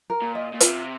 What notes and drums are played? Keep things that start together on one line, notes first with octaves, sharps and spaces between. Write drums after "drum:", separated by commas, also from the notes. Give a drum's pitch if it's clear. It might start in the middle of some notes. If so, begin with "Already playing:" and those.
A#4
A#2
D#5
A#2
C3 F4, drum: hi-hat